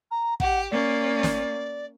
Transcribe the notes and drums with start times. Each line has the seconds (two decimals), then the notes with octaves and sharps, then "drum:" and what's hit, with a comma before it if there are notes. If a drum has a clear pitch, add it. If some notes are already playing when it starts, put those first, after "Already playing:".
0.11 A#5
0.40 G4 F#5, drum: kick
0.71 A#3 C#4 D5
1.23 drum: snare